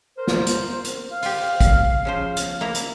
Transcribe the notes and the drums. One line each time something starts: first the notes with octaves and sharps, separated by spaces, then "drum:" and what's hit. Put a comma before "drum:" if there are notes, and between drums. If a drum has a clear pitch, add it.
A#4 C5
drum: snare
drum: hi-hat
drum: hi-hat
F5
F4 G4, drum: open hi-hat
drum: kick, hi-hat
C#3 F3 C5
drum: hi-hat
A#3 E4 A#5
drum: hi-hat